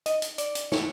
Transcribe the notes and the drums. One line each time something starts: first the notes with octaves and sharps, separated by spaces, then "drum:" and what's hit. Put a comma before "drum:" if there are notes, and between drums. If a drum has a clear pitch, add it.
D#5, drum: hi-hat
drum: hi-hat
D5, drum: hi-hat
drum: hi-hat
C#5, drum: snare